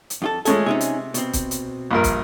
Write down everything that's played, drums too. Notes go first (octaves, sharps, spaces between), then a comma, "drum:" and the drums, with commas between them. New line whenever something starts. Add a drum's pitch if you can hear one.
drum: hi-hat
F2 F4 A4
G#3 A3 C#4 G#4 A4, drum: hi-hat
C3 C#4 D#4 G#4
drum: hi-hat
B2 C4, drum: hi-hat
drum: kick, hi-hat
drum: hi-hat
A#1 G2 A#4
drum: kick, hi-hat